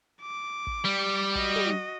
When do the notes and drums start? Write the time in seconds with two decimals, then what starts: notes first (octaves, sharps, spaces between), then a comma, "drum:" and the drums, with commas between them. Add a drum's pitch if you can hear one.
0.22 D6
0.67 drum: kick
0.84 G3
1.35 F#4 D#5, drum: kick
1.56 drum: tom